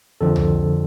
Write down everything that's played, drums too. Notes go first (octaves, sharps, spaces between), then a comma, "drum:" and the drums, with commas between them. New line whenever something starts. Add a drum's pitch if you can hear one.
F2 D3 F3 A4
drum: tom C2